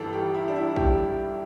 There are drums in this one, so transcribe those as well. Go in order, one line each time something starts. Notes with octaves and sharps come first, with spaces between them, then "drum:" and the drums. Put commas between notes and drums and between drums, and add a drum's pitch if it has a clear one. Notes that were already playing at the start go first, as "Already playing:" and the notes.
Already playing: G1 G2 E3 A4
G4
E4
D4
E4
G4, drum: kick